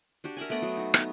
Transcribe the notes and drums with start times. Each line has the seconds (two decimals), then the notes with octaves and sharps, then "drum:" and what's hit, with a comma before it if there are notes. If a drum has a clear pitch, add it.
0.24 D4 F#4 G4
0.37 A#4 E5 F#5 G#5
0.50 A3 B3 D5 D#5
0.62 F#3 F#4
0.77 D#4 F#4
0.94 B3 D#4, drum: rim click